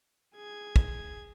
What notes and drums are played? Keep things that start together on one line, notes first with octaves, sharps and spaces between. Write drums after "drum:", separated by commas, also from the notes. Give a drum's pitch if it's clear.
G#4 G#6
drum: kick